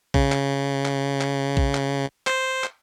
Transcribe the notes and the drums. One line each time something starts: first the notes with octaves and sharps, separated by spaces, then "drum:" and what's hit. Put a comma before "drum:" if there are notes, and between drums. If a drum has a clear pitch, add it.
C#3, drum: kick A#1
drum: clap
drum: clap
drum: clap
drum: kick A#1
drum: clap
C5, drum: clap
drum: clap